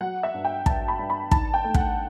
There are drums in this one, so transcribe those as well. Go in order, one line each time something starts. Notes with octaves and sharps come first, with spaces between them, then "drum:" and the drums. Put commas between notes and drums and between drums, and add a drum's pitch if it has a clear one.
F#3 F#5
E5
G2
G5
G2 A5, drum: kick
B5
G2
B5
D#3 A5, drum: kick
G5
A3
F#5, drum: kick